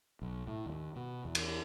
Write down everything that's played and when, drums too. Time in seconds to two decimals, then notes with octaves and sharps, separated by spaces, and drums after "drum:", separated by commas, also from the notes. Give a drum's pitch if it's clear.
0.22 B1
0.47 A2
0.66 D#2
0.96 B2
1.25 E2
1.35 drum: cymbal